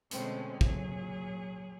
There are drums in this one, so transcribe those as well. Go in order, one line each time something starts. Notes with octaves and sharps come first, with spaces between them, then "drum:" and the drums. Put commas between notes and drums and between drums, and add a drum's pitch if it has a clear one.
B2 D3 G#3 A3 C4 C#4, drum: hi-hat
A#2 F#3 G#4, drum: kick